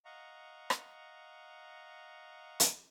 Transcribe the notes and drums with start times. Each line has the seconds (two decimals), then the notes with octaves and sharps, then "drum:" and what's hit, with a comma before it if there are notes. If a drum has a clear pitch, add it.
0.05 D#5 F5 F#5 A#5 C#6
0.70 drum: rim click
2.60 drum: hi-hat